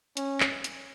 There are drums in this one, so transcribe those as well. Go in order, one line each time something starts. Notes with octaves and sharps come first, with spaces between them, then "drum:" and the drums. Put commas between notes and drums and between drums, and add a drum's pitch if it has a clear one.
C#4, drum: hi-hat
drum: clap
drum: hi-hat